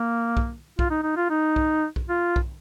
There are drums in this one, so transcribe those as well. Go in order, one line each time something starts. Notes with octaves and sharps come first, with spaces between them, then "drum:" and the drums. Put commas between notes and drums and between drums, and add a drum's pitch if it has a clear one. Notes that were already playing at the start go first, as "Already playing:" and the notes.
Already playing: A#3
drum: kick B1
F4, drum: kick B1
D#4
D#4
F4
D#4
drum: kick B1
drum: kick B1
F4
drum: kick B1